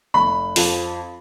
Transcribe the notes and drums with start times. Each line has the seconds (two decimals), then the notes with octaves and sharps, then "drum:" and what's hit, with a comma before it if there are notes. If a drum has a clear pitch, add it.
0.14 F1 B5
0.56 F2 F3, drum: open hi-hat